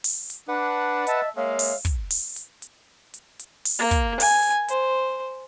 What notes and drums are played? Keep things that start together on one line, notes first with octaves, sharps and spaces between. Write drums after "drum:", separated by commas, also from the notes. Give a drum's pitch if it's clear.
drum: open hi-hat
drum: hi-hat
D4 B4 F#5
D#5 E5 A5, drum: hi-hat
G#3 A#3 C#5 E5 F5
drum: open hi-hat
drum: kick, hi-hat
drum: open hi-hat
drum: hi-hat
drum: hi-hat
drum: hi-hat
drum: hi-hat
drum: open hi-hat
A#3
drum: kick, hi-hat
G#5, drum: open hi-hat
drum: hi-hat
C5, drum: hi-hat